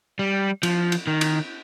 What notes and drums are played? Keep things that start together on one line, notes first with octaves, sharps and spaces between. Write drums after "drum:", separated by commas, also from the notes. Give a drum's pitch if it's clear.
G3
F3, drum: cymbal
drum: cymbal
D#3
drum: cymbal